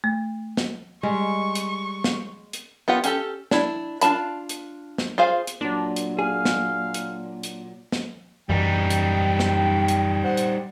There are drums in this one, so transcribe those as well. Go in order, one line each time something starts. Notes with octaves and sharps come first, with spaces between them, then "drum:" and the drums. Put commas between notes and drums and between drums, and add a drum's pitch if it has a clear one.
A3
drum: snare
G3 G#3 C#6
drum: hi-hat
drum: snare
drum: hi-hat
B3 F4 G4 F#5
C#4 G4 A4, drum: hi-hat
D4 E4, drum: snare
D4 F4 A5 B5, drum: hi-hat
drum: hi-hat
drum: snare
F4 G#4 C5 F5
drum: hi-hat
A#2 F#3 D4
drum: hi-hat
G#4 F5
drum: snare
drum: hi-hat
drum: hi-hat
drum: snare
F#2 E3 G3 D#4 G5
drum: hi-hat
drum: snare
drum: hi-hat
C5 F#5
drum: hi-hat